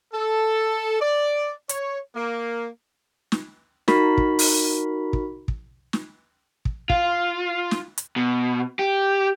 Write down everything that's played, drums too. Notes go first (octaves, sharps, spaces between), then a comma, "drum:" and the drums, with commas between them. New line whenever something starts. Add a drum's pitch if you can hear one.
A4
D5
C#5, drum: hi-hat
A#3
drum: snare
D#4 F#4 A#4 B5 B6, drum: snare
drum: kick
drum: open hi-hat
drum: kick
drum: kick
drum: snare
drum: kick
F4, drum: kick
drum: snare
drum: hi-hat
B2
G4